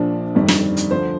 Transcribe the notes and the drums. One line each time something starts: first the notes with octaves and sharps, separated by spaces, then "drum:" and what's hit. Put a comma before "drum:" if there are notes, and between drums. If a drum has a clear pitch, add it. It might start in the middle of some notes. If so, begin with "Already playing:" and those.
Already playing: A#1 A#2 F3 D4
G1 F2 D#3 G3
drum: snare
drum: hi-hat
D2 D3 F3 C5